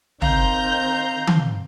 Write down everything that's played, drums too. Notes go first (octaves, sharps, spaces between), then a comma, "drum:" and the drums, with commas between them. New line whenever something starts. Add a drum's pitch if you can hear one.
D#3 C4 F5 A#5 G6, drum: tom
drum: tom D#3